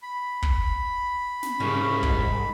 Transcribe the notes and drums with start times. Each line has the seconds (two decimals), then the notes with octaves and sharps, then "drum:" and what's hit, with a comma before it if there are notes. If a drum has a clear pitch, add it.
0.02 B5
0.42 drum: kick
1.43 drum: snare
1.60 C2 G#2 C#3 C#4 A#4
2.03 drum: kick